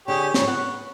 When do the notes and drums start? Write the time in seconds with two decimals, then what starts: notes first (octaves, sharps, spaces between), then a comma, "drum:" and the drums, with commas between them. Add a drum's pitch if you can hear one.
0.08 D3 G4 G#4 C#5
0.34 G#2 C#3 F3 C#6, drum: snare
0.47 B3 F#5